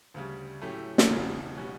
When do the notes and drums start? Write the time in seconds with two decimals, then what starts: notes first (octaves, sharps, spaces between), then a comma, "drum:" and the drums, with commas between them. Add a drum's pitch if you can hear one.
0.14 D2 C#3 G3
0.62 A2 F#3 A3 C#4 G4
0.98 drum: snare
1.09 E1 E2 C#3
1.57 B2 G3 C#4 F#4